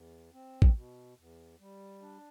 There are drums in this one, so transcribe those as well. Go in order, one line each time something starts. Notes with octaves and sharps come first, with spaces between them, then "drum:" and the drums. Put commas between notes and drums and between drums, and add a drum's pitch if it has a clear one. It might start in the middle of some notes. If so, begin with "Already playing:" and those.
Already playing: E2
C4
drum: kick
B2
E2
G3
D4